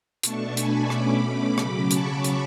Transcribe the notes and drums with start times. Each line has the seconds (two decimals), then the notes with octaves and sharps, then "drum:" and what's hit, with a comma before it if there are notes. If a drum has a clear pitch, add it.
0.23 B2 A3 D4 A5 C#6, drum: hi-hat
0.57 G#5 B5, drum: hi-hat
0.90 B2 A3 C#4 B5 D6, drum: rim click
1.58 C#3 F#3 C#4, drum: rim click
1.91 A5 C#6, drum: hi-hat
2.24 drum: hi-hat